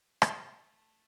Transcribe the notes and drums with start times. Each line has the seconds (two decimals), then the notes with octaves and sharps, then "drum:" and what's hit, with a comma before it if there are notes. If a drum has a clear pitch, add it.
0.22 A3 A4, drum: rim click